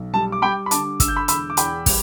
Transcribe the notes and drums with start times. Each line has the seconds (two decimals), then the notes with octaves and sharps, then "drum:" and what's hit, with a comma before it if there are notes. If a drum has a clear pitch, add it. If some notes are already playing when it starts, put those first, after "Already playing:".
Already playing: B1
0.14 G3 A5
0.32 D6
0.42 G3 G5 B5
0.66 B5
0.71 D3 A5 D6, drum: hi-hat
1.00 D3 E6, drum: kick, hi-hat
1.08 G6
1.16 B5 E6
1.28 E1 B5 E6, drum: hi-hat
1.50 D6
1.57 E2 G5 B5, drum: hi-hat
1.86 G3, drum: kick, open hi-hat